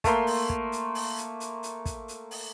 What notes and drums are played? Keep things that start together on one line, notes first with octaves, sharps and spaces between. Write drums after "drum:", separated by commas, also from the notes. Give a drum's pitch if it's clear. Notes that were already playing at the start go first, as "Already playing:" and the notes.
A3 A#3 C6, drum: kick, hi-hat
drum: open hi-hat
drum: kick
drum: hi-hat
drum: open hi-hat
drum: hi-hat
drum: hi-hat
drum: hi-hat
drum: kick, hi-hat
drum: hi-hat
drum: open hi-hat